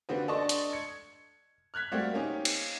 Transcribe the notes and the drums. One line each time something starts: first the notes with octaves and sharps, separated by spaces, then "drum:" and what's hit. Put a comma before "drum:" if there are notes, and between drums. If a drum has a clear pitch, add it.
D3 A#3 C4 F#4 G4 B4
D4 A4 D#5 A5 C6 C#6
drum: hi-hat
G#6 C#7
F6 F#6 G#6 B6
G3 A3 A#3 C4 F#4
A#3 C4 C#4 D#4 G4
drum: cymbal